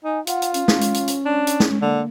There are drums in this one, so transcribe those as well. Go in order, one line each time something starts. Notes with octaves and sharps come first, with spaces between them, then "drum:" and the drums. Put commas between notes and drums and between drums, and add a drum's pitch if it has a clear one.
D#4 G#5
F4 F#5, drum: hi-hat
drum: hi-hat
C#4, drum: hi-hat
C#4, drum: snare
drum: hi-hat
drum: hi-hat
drum: hi-hat
D4
drum: hi-hat
drum: snare
D3 A#3